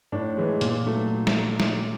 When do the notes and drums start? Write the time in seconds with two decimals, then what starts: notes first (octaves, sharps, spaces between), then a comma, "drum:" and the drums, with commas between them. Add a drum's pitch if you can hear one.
0.12 A2 D4
0.37 E3 G#3
0.61 A#2, drum: hi-hat
0.86 F#3 A3
1.27 drum: snare
1.60 drum: snare